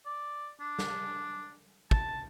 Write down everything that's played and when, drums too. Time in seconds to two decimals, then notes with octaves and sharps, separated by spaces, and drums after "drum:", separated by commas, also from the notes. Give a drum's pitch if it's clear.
0.06 D5
0.61 D4
0.79 drum: snare
1.91 A5, drum: kick